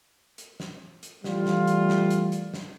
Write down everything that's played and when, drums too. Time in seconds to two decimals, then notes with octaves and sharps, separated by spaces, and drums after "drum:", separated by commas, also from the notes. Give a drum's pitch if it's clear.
0.38 drum: hi-hat
0.60 drum: snare
1.03 drum: hi-hat
1.24 E3 G3 A3 F4, drum: snare
1.46 drum: snare
1.67 drum: hi-hat
1.89 drum: snare
2.11 drum: hi-hat
2.32 drum: hi-hat
2.54 drum: snare